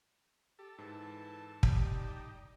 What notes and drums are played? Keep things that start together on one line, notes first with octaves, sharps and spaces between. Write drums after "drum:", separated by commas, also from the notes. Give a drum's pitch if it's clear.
G4 A4
G#2 E3 A5
G3 D#4 G4, drum: kick